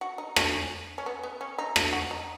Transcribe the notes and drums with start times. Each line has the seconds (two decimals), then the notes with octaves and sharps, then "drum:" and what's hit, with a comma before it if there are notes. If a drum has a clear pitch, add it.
0.01 F#4
0.18 D#4
0.36 C#4, drum: rim click
0.98 C#4
1.06 B3
1.23 B3
1.41 C#4
1.58 D#4
1.76 drum: rim click
1.93 F#4
2.11 D#4